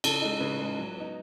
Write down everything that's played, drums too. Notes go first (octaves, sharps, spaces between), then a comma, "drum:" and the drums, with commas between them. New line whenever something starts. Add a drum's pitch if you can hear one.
C#3 A4, drum: cymbal
G#3 D#4
C#3 B4
G#3 D#4
F#3
B3 D#4